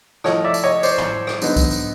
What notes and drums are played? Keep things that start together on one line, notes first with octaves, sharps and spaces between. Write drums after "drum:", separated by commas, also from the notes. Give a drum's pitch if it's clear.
A2 F3 A3 C#5 D#5, drum: rim click
D5 E5
drum: tambourine
C#5 D#5
C5 D5, drum: tambourine
drum: tom
drum: rim click
D3 F#3 B3 D#4, drum: tambourine
drum: kick C2, tambourine
drum: tambourine